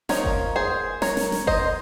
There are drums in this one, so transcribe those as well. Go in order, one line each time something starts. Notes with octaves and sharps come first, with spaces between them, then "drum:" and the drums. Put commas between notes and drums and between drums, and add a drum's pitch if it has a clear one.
F3 A#3 D#4 A#4 C#5, drum: snare
drum: kick F#1
G#4 C5
A#4 C#5, drum: snare
drum: snare
drum: snare
C5 D#5, drum: kick F#1